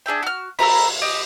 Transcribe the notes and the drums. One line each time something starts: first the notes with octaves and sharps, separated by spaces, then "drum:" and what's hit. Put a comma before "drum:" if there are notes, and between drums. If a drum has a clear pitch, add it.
D4 G#4 E5 G5
F#4 F6
A4 A#4 A#5 B5, drum: cymbal
G4 D#5